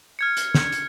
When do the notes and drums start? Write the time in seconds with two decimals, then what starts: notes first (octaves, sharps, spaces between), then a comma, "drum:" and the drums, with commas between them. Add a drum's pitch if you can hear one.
0.19 F6 G#6 C#7
0.37 drum: hi-hat
0.55 drum: snare
0.72 drum: hi-hat